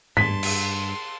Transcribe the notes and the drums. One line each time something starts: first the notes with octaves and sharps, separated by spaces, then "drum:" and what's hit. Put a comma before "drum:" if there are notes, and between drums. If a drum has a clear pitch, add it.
G2 A5 C6 B6, drum: tom G#2
drum: cymbal